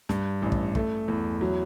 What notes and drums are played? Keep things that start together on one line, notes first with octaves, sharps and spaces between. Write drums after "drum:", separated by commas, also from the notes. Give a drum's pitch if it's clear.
G2, drum: snare
A1
drum: kick
A3, drum: kick
E2
F#3